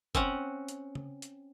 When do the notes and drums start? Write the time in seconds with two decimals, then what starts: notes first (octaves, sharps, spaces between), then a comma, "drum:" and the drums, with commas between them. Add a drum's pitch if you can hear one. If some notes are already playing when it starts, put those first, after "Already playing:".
0.15 C4 C#4 F#5, drum: kick F#1, hi-hat
0.68 drum: hi-hat
0.95 drum: tom C#3
1.22 drum: hi-hat